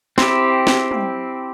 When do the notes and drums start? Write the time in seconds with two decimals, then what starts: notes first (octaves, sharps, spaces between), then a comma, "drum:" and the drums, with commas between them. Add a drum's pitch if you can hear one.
0.18 C4 E4 G4, drum: snare
0.67 drum: snare
0.91 drum: tom